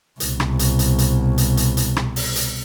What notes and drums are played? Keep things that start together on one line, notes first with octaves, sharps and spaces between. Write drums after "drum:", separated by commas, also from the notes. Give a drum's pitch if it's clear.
C2 B2, drum: hi-hat
drum: rim click
drum: hi-hat
drum: hi-hat
drum: hi-hat
drum: hi-hat
drum: hi-hat
drum: hi-hat
drum: rim click
drum: open hi-hat
drum: hi-hat